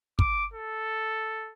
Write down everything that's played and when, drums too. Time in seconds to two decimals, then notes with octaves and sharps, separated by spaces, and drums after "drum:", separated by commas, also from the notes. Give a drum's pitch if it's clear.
0.19 D6, drum: kick
0.54 A4